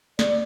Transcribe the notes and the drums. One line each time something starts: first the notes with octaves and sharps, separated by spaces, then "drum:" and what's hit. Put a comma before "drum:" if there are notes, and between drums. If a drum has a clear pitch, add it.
D5, drum: snare